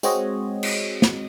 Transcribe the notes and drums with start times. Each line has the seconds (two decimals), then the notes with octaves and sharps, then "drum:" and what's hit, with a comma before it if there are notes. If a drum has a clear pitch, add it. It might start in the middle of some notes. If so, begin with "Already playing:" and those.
0.03 G#3 C4 F#4 C#5 D#5, drum: tambourine
0.63 drum: cymbal
1.02 drum: snare